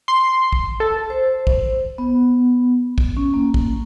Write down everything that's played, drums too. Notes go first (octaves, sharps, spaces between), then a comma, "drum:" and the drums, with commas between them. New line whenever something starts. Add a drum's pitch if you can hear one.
C6
drum: kick
A4
C5
drum: kick
B3
drum: kick
C#4
A#3
drum: kick